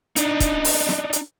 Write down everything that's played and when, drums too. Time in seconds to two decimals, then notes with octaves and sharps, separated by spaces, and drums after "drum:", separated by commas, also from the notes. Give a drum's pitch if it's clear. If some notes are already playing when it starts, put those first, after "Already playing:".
0.16 D4 D#4, drum: hi-hat
0.40 drum: kick, hi-hat
0.65 drum: open hi-hat
0.89 drum: snare
1.13 drum: hi-hat